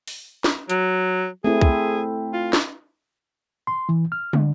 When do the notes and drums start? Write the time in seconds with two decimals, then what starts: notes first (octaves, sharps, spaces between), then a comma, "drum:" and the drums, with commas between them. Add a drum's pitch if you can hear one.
0.08 drum: open hi-hat
0.44 drum: snare
0.70 F#3, drum: hi-hat
1.44 A3 C4 E4 G#4
1.61 drum: kick
2.33 F4
2.53 drum: snare
3.67 C6
3.89 E3
4.12 F6
4.33 D3, drum: tom